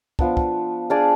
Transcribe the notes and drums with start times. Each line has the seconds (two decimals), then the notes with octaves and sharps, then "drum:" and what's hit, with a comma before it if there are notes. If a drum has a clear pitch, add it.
0.19 F3 B3 D4, drum: kick
0.37 drum: kick
0.90 D4 G#4 D5 F5